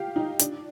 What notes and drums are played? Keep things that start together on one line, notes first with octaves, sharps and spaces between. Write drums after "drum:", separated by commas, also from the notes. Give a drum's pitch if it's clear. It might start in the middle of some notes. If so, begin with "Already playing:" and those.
Already playing: G4 F5 G5
D#4
D4, drum: hi-hat